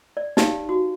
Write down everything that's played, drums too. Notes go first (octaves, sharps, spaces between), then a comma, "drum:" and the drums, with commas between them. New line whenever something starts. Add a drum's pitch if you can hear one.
D5
D#4 G4 F5, drum: snare
F#4